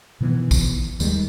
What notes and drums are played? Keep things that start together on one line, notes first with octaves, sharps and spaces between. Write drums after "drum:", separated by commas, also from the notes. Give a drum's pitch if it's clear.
B2 D#3 E3 B3
drum: kick, tambourine
D#2 D#3 G3 G#3, drum: tambourine